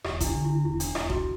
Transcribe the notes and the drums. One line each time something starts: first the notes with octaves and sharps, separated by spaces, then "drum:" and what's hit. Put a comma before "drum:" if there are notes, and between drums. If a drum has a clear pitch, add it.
E1 G4, drum: rim click
E4, drum: kick, hi-hat
D4
D3
E4
E1 E4
D4, drum: hi-hat
E1 E4, drum: rim click
F#4, drum: kick